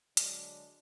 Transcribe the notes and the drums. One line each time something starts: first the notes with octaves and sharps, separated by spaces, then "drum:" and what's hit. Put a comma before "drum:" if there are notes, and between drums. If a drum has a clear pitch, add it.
D3 F#3 G#3 D4, drum: hi-hat